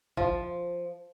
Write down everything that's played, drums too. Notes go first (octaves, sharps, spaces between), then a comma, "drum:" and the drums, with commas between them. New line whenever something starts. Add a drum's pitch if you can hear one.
F3, drum: kick